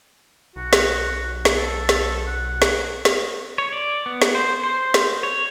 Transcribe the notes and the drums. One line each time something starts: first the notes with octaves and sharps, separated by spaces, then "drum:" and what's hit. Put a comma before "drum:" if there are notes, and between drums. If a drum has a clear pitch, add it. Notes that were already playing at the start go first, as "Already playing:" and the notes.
B1 F#4
drum: snare
drum: snare
A4
drum: snare
F#5
drum: snare
drum: snare
C#5
D5
B3
drum: snare
C5
C5
drum: snare
C#5